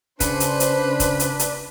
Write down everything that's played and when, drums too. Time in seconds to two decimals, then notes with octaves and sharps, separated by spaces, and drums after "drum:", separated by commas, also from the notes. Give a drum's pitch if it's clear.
0.20 C#3 D4 B4 C5, drum: kick, hi-hat
0.40 drum: hi-hat
0.60 drum: hi-hat
1.00 drum: kick, hi-hat
1.20 drum: hi-hat
1.39 drum: hi-hat